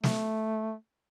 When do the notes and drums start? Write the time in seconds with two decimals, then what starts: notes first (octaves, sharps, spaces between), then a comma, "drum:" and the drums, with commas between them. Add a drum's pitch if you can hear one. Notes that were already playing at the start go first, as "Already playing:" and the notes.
0.04 A3, drum: snare